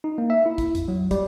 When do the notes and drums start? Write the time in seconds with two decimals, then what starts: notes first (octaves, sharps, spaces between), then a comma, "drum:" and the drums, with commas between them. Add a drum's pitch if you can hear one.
0.04 D#4
0.18 A#3
0.30 E5
0.46 E4
0.58 drum: kick, hi-hat
0.75 F2, drum: hi-hat
0.88 F#3
1.11 G3, drum: kick, hi-hat